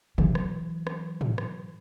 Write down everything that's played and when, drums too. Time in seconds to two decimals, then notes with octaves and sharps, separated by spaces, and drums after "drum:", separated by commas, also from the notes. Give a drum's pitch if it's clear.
0.18 E3 F#3, drum: tom
0.35 drum: rim click
0.87 drum: rim click
1.21 drum: tom
1.38 drum: rim click